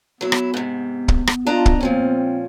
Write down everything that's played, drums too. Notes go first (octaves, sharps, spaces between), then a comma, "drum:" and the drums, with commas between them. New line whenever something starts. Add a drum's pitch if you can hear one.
F#3 B3 E4
drum: rim click
G#2 C3
drum: kick
drum: rim click
D4 F4 D#5 A#5
drum: kick
A#2 F3 C4 C#4